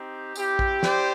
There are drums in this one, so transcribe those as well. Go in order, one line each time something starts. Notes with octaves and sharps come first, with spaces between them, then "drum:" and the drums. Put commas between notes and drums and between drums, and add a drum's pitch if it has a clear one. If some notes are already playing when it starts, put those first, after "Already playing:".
Already playing: C4 D#4 G4
C4 E4 G4, drum: tambourine
drum: kick A#1
C5 D5, drum: snare